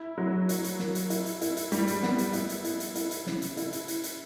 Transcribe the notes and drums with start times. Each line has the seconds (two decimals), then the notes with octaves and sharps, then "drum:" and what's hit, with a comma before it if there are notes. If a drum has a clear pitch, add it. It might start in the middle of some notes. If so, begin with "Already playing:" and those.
Already playing: E4
0.18 F#3
0.49 E4, drum: hi-hat
0.64 drum: hi-hat
0.79 A#3, drum: snare
0.95 drum: hi-hat
1.10 E4, drum: hi-hat
1.26 drum: hi-hat
1.41 E4, drum: hi-hat
1.57 drum: hi-hat
1.72 G3, drum: hi-hat
1.88 drum: hi-hat
2.03 B3, drum: snare
2.18 drum: hi-hat
2.33 E4, drum: hi-hat
2.49 drum: hi-hat
2.64 E4, drum: hi-hat
2.80 drum: hi-hat
2.95 E4, drum: hi-hat
3.11 drum: hi-hat
3.27 C#3, drum: snare
3.42 drum: hi-hat
3.57 E4, drum: hi-hat
3.73 drum: hi-hat
3.88 drum: hi-hat
4.03 drum: hi-hat